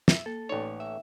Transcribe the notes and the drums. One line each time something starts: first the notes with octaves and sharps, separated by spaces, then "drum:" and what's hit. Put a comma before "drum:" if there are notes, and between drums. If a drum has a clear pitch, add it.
E5, drum: snare
A#3 A4
A1 D#4 C#5 D5
E5 G5